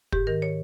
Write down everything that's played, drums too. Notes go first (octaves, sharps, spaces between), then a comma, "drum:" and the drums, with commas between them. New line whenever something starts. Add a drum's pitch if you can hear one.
G#2 G4, drum: kick
D#3 A#4
C#5